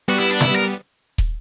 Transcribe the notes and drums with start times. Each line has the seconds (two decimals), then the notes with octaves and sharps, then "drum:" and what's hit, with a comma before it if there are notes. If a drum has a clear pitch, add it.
0.08 G3 B3 F#4
0.19 E4
0.30 D4
0.40 E4, drum: snare
0.56 A#4
1.18 drum: kick